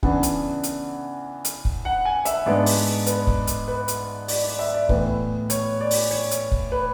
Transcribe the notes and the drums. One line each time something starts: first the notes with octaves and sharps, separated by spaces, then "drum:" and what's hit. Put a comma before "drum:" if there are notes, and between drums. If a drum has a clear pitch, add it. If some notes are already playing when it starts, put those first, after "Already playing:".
C#3 E3 B3 D4 F#5, drum: kick
drum: hi-hat
drum: hi-hat
drum: hi-hat
drum: kick
F#5
G#5
E5, drum: hi-hat
G#2 G#3 B3 D4 D5
drum: open hi-hat
B4, drum: hi-hat
drum: kick
drum: hi-hat
B4
drum: hi-hat
D5, drum: open hi-hat
D5
E5
D5
A2 E3 B3 B4, drum: kick
C#5, drum: hi-hat
D5
drum: open hi-hat
C#5
drum: hi-hat
drum: kick
B4